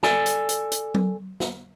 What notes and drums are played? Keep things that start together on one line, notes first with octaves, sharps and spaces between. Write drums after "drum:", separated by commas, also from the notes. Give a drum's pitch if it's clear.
A4 D5 G#5, drum: snare
drum: hi-hat
drum: hi-hat
drum: hi-hat
drum: tom F#3
drum: snare